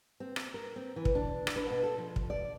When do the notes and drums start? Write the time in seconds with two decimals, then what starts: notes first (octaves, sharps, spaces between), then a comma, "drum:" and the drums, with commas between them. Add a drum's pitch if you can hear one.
0.20 C4
0.36 drum: rim click
0.54 A#4
0.76 C4
0.96 E3
1.05 drum: kick
1.15 D4
1.47 drum: rim click
1.56 B4
1.70 B2
1.83 A4
1.98 F3
2.16 drum: kick
2.30 D5